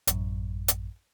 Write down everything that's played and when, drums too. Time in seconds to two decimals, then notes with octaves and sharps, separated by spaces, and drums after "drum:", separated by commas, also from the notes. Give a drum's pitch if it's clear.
0.07 A1 F#2, drum: hi-hat
0.68 drum: hi-hat